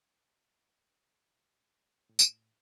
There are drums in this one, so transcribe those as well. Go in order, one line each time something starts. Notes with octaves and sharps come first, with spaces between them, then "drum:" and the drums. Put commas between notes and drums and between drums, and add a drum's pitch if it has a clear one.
A2
drum: tambourine